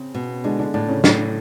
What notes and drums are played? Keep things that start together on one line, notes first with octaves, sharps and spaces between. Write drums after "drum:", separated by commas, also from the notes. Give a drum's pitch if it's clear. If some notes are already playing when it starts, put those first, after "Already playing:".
Already playing: C#3 C4
B2
D3 G#3 D4
D3 D4
A2 D3 D4
C#3 C#4
A2, drum: snare